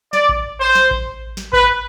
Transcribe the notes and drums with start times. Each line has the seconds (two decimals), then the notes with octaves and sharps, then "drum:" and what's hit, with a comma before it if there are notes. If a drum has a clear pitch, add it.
0.13 D5, drum: snare
0.29 drum: kick A1
0.60 C5
0.75 drum: snare
0.91 drum: kick A1
1.37 drum: snare
1.53 B4, drum: kick A1